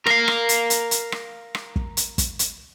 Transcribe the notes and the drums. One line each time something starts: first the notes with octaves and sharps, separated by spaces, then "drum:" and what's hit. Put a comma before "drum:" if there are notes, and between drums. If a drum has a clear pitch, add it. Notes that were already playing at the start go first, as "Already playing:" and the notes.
A#4 F5, drum: rim click
drum: rim click
drum: hi-hat
drum: hi-hat
drum: hi-hat
drum: rim click
drum: rim click
drum: kick
drum: hi-hat
drum: kick, hi-hat
drum: hi-hat